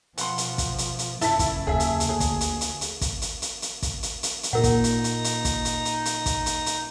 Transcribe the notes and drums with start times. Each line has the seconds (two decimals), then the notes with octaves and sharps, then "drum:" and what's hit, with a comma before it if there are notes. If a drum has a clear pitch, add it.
0.18 B2 F3 F#5 C6, drum: hi-hat
0.38 drum: hi-hat
0.58 drum: kick, hi-hat
0.78 drum: hi-hat
0.99 drum: hi-hat
1.21 F#1 C#3 E4 A4 A5 B6, drum: hi-hat
1.39 drum: kick, hi-hat
1.67 D#2 G#4 E5
1.80 drum: hi-hat
2.00 drum: hi-hat
2.09 D2 D3 G#4
2.20 drum: kick, hi-hat
2.41 drum: hi-hat
2.61 drum: hi-hat
2.81 drum: hi-hat
3.01 drum: kick, hi-hat
3.22 drum: hi-hat
3.42 drum: hi-hat
3.62 drum: hi-hat
3.82 drum: kick, hi-hat
4.03 drum: hi-hat
4.23 drum: hi-hat
4.43 drum: hi-hat
4.53 A#2 D#4 A#4 F#5
4.64 drum: kick, hi-hat
4.84 drum: hi-hat
5.04 drum: hi-hat
5.24 drum: hi-hat
5.45 drum: kick, hi-hat
5.65 drum: hi-hat
5.85 drum: hi-hat
6.05 drum: hi-hat
6.26 drum: kick, hi-hat
6.46 drum: hi-hat
6.66 drum: hi-hat